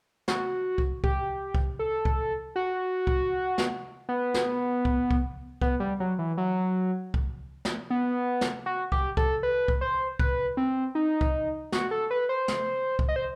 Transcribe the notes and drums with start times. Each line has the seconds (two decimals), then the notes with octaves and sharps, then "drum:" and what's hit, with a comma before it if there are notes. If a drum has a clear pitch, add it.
0.28 F#4, drum: snare
0.78 drum: kick C2
1.04 G4, drum: kick C2
1.54 drum: kick C2
1.79 A4
2.05 drum: kick C2
2.56 F#4
3.07 drum: kick C2
3.58 drum: snare
4.09 B3
4.34 drum: snare
4.85 drum: kick C2
5.11 drum: kick C2
5.61 B3, drum: kick C2
5.80 G3
6.00 F#3
6.19 E3
6.38 F#3
7.14 drum: kick C2
7.65 drum: snare
7.90 B3
8.41 drum: snare
8.66 F#4
8.92 G4, drum: kick C2
9.17 A4, drum: kick C2
9.43 B4
9.68 drum: kick C2
9.81 C5
10.19 B4, drum: kick C2
10.57 C4
10.95 D#4
11.21 drum: kick C2
11.72 F#4, drum: snare
11.91 A4
12.11 B4
12.29 C5
12.48 drum: snare
12.99 drum: kick C2
13.09 D#5
13.16 C5